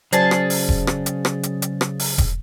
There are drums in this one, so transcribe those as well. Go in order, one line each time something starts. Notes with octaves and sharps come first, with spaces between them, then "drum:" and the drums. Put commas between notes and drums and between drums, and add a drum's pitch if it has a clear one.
C#3 F#3 G#4 C5 D5 A5 A6, drum: hi-hat
drum: rim click
drum: open hi-hat
drum: kick E1
drum: rim click
drum: hi-hat
drum: rim click
drum: hi-hat
drum: hi-hat
drum: rim click
drum: open hi-hat
drum: kick E1, hi-hat